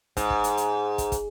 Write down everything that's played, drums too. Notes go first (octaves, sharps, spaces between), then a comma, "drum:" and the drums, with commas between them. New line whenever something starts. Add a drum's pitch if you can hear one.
G#2, drum: kick, hi-hat
drum: kick
drum: hi-hat
drum: hi-hat
drum: kick, hi-hat
drum: kick, hi-hat